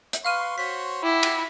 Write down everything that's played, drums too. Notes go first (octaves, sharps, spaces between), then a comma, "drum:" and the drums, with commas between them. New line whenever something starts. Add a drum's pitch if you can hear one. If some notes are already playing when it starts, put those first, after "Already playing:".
drum: hi-hat
B4 F5 C6 C#6 F6 D#7
F#4 C5 C#5 B6
E4 F#5 G5 D6
drum: cymbal